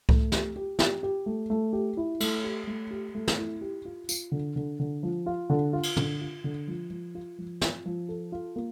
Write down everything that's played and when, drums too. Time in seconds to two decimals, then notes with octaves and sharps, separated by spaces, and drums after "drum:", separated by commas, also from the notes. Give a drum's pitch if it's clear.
0.09 A3, drum: kick C2
0.32 G4, drum: snare
0.56 G4
0.79 G4, drum: snare
1.03 G4
1.26 A3
1.50 A3
1.73 G4
1.97 E4
2.20 A3, drum: cymbal
2.44 G4
2.67 A3
2.91 G4
3.15 A3
3.28 drum: snare
3.38 E4
3.61 G4
3.85 F4
4.09 F4, drum: tambourine
4.32 D3
4.56 D3
4.80 D3
5.03 F3
5.26 F4
5.50 D3
5.73 F4
5.83 drum: cymbal
5.97 D3, drum: tom
6.21 F4
6.44 D3
6.68 F3
6.90 F3
7.15 F4
7.38 F3
7.61 F4, drum: snare
7.85 F3
8.09 A4
8.32 F4
8.56 A#3